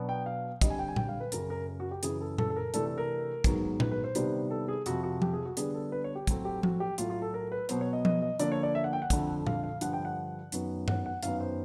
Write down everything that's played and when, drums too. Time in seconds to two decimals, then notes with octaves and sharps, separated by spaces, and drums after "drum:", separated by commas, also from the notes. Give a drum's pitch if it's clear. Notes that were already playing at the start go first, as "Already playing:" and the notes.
Already playing: B2 F#3 B3 D4
0.09 G5
0.26 F5
0.61 D3 G3 C4 D#5, drum: kick, hi-hat
0.70 G#5
0.79 G5
0.88 G#5
0.96 G5, drum: tom A#2
1.09 F5
1.20 B4
1.32 F#2 C#3 F#3 A#4, drum: hi-hat
1.50 A#4
1.68 A#4
1.80 F#4
1.91 G4
2.03 F#2 C#3 E3 G#4, drum: hi-hat
2.21 A4
2.38 A4, drum: tom A#2
2.50 A4
2.56 A#4
2.74 C3 E3 A3 D4 A4, drum: hi-hat
2.86 A4
2.98 A#4
3.44 G#2 D#3 F#3 B3, drum: kick, hi-hat
3.80 B4, drum: tom A#2
3.91 B4
4.04 C5
4.15 C3 D#3 G3 B3 D4, drum: hi-hat
4.51 A4
4.68 G#4
4.86 F2 C3 F3 F#4, drum: hi-hat
5.03 F#4
5.22 G4, drum: tom F3
5.33 G#4
5.45 F#4
5.57 D3 G3 B3 D4 G#4, drum: hi-hat
5.75 A4
5.92 B4
6.04 C#5
6.15 G4
6.27 A2 F#3 A3 C4, drum: kick, hi-hat
6.45 G4
6.63 F#4, drum: tom F3
6.80 G4
6.98 A2 F#3 A3 F4, drum: hi-hat
7.10 F4
7.22 A4
7.34 A#4
7.52 B4
7.69 B2 F#3 B3 C5, drum: hi-hat
7.81 C#5
7.93 D#5
8.05 D#5, drum: tom F3
8.22 D#5
8.40 D3 F3 A#3 D4 D5, drum: hi-hat
8.52 C#5
8.63 D5
8.75 E5
8.84 F#5
8.93 G5
9.02 F#5
9.10 F2 D3 F3 A3, drum: kick, hi-hat
9.47 F5, drum: tom A#2
9.64 F5
9.81 G2 D3 F3 F#5, drum: hi-hat
9.93 G5
10.05 F#5
10.52 F#2 D#3 F#3 B3, drum: hi-hat
10.88 F#5, drum: tom G2
11.06 F#5
11.23 F#2 D#3 F#3 B3 F5, drum: hi-hat
11.40 C5